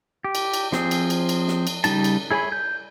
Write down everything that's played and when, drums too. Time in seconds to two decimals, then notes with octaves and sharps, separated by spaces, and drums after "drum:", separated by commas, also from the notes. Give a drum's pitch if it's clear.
0.24 G4
0.35 drum: cymbal
0.54 drum: cymbal
0.72 F3 C4 G#4, drum: snare
0.91 drum: cymbal
1.10 drum: cymbal
1.29 drum: cymbal
1.48 drum: snare
1.67 drum: cymbal
1.84 C#3 G3 D#4 A5, drum: cymbal
2.04 drum: cymbal
2.31 E4 G#4 C#5 G#5 B5
2.52 G6